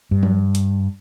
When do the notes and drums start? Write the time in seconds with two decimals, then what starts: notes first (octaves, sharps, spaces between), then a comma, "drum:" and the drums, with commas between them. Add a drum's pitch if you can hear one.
0.11 G2
0.23 drum: tom F3
0.55 drum: hi-hat